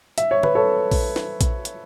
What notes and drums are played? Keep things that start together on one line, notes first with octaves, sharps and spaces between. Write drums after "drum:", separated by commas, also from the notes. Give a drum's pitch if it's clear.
E5, drum: hi-hat
C#5
B4, drum: tom
A4 C#5
drum: kick A#1, open hi-hat
drum: snare
drum: kick A#1, hi-hat
drum: hi-hat